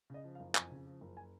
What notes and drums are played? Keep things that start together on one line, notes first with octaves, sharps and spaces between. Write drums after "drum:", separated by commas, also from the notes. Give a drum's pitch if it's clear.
C#3 D#5
F3
F5
F#1
F2 G#5, drum: clap
C#3
F3
F#1
G#5